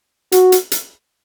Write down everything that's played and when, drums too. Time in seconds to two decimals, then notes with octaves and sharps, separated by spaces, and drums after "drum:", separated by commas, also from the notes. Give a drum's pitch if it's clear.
0.32 F#4, drum: hi-hat
0.52 drum: hi-hat
0.72 drum: hi-hat